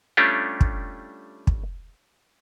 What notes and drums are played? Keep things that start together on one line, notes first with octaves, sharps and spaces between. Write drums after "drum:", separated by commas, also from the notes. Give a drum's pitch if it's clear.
G3 A3 C#4 D4 F4 G4
drum: kick
drum: kick